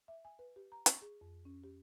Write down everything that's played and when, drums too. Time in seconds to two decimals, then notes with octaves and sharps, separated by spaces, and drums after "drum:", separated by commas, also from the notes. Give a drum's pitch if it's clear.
0.08 E5
0.25 G#5
0.39 B4
0.56 G4
0.72 A#5
0.86 C#6, drum: hi-hat
1.02 G#4
1.21 F2
1.45 C#4
1.64 G4